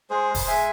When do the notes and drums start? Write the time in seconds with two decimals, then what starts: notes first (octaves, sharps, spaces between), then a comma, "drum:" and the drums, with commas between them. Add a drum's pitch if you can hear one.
0.10 G#3 G#4 C5
0.35 G#3, drum: kick E1, open hi-hat
0.47 E5 G#5